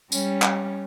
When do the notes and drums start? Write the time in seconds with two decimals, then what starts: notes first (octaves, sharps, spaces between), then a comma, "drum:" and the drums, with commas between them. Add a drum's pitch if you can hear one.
0.12 G3 C#4, drum: tambourine
0.42 drum: clap